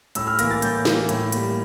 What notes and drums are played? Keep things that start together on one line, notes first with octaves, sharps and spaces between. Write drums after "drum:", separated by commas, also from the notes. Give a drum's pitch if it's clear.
A2 E6, drum: hi-hat
F6
E3 A#3 A#6, drum: hi-hat
A6
A2 G6, drum: hi-hat
E3 A#3, drum: snare
A2, drum: hi-hat
G3 A#3, drum: hi-hat